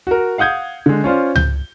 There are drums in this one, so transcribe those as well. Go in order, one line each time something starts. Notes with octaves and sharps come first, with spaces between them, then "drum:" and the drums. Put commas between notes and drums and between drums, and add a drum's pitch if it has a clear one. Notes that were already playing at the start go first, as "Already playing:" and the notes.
F#4 A#4
F5 F#5 D#6 G6 G#6
D3 G#3
C#4 F4 C5 D5
G6, drum: tom C#2